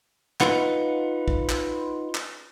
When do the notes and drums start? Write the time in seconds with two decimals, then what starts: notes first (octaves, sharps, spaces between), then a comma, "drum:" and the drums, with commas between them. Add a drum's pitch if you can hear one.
0.40 D#4 F4 B4 F#5, drum: clap
1.28 drum: kick
1.49 drum: clap
2.15 drum: clap